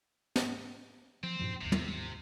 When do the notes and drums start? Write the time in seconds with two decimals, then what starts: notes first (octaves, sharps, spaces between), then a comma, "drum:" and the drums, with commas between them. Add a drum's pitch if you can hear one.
0.36 drum: snare
1.23 F3 C4
1.39 G2 A#2 F3
1.61 G#1 D#2 C3
1.72 drum: tom